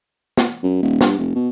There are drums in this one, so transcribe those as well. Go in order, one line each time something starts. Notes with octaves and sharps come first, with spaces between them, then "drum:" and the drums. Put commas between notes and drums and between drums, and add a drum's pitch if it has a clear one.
drum: snare
F#2
D#1
G2, drum: snare
F1
B2